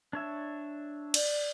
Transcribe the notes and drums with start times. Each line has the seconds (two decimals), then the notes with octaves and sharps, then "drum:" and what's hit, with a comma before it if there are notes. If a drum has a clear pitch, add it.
0.13 D4 C#5 E5
1.14 D5, drum: cymbal